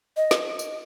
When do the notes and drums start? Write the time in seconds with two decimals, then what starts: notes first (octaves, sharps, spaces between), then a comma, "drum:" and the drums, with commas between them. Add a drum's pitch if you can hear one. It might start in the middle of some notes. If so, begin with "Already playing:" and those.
0.17 D#5
0.31 drum: snare
0.59 drum: tambourine